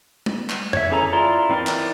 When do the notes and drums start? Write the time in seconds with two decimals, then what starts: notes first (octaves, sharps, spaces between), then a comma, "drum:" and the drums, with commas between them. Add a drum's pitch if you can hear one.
0.26 drum: tom
0.50 drum: clap
0.73 C#5 E5, drum: tom F2
0.90 E3 C#4 G#4 A4 A#5
1.13 E4 F4 D5 A#5 C6
1.49 E3 C4 D#4 A#4 D5
1.67 drum: clap